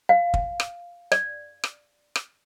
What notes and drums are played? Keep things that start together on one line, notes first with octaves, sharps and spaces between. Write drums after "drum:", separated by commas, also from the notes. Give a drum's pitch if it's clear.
F5
drum: kick
drum: rim click
D5, drum: rim click
drum: rim click
drum: rim click